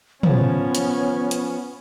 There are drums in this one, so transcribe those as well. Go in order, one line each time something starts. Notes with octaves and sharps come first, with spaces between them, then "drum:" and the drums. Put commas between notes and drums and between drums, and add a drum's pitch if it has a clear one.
F3 B3 C#4 C#5, drum: tom
drum: hi-hat
drum: hi-hat